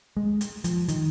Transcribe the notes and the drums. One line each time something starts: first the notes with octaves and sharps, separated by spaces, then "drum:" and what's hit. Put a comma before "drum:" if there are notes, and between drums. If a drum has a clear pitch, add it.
G#3
drum: hi-hat
F3, drum: hi-hat
D#3, drum: hi-hat